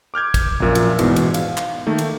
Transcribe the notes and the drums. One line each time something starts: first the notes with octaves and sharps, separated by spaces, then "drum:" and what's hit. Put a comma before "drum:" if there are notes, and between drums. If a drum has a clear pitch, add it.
D6 F6 G6 G#6
drum: kick, cymbal
A#1 F#2 A#2
drum: cymbal
E2 G#2 B2, drum: cymbal
drum: cymbal
F5, drum: cymbal
drum: clap
D#3 A3 A#3
drum: cymbal